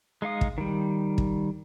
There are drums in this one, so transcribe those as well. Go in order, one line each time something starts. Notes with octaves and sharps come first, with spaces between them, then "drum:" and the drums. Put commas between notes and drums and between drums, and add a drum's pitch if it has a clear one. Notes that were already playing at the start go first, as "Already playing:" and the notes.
G#3 D#4 F5 D#6
drum: kick
D#3 G3
drum: kick